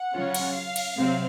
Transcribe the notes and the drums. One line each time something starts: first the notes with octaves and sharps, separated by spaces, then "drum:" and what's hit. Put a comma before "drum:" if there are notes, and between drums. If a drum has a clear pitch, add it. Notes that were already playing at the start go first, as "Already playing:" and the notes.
Already playing: F#5
C#3 F#3 C#4 F4
drum: cymbal
F5
drum: cymbal
C3 F#3 C4